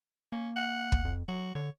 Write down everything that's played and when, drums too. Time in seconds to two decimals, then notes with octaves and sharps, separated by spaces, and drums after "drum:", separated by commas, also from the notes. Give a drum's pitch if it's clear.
0.32 A#3 C#4
0.56 F#5
0.92 drum: kick
1.05 F2
1.28 F#3 F#4
1.55 D3 C#5